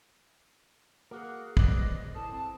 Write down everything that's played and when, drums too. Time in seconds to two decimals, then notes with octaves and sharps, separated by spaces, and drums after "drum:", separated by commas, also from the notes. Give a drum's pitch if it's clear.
1.11 A#3 F#4 G#4 A#4
1.57 A#2 B4 C5 D5 D#5, drum: kick
2.14 E4 A4 C5 A5 D#6
2.32 C4 A5